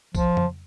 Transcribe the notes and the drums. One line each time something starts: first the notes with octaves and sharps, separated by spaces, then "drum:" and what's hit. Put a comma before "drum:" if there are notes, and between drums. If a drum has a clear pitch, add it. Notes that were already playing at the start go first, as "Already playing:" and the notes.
F3, drum: kick, tambourine
drum: tom F2